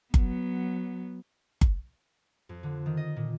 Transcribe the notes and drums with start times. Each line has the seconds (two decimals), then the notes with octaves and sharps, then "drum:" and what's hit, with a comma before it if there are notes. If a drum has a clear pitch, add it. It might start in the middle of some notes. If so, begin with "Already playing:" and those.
0.14 F#3 B3, drum: kick G1
1.61 drum: kick G1
2.49 F2
2.63 D3
2.86 D#3
2.97 D#5
3.16 A#2